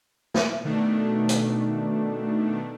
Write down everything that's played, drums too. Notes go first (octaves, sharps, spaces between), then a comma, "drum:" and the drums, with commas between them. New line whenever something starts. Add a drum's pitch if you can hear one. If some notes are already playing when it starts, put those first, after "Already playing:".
drum: snare
B2 D#3 A3 D4
drum: hi-hat